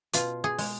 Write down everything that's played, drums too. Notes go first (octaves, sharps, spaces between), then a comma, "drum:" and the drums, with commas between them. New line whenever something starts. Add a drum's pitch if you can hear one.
B2 F4, drum: hi-hat
G#4
G#3, drum: open hi-hat